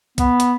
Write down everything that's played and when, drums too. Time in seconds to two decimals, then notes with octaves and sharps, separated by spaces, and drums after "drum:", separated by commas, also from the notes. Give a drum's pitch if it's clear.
0.18 B3, drum: kick B1, hi-hat
0.40 drum: hi-hat